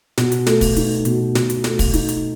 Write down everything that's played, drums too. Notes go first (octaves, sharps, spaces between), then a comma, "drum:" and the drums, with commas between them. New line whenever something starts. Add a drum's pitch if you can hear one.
B2, drum: snare
drum: hi-hat
A3, drum: snare
drum: kick, open hi-hat
D#4, drum: hi-hat
B2, drum: hi-hat
B2, drum: snare
drum: hi-hat
A3, drum: snare
drum: kick, open hi-hat
D#4, drum: hi-hat
drum: hi-hat